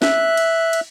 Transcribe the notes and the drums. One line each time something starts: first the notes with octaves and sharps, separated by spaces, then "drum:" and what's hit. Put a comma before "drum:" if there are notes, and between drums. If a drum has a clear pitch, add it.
E5 F#6, drum: snare
drum: cymbal
drum: cymbal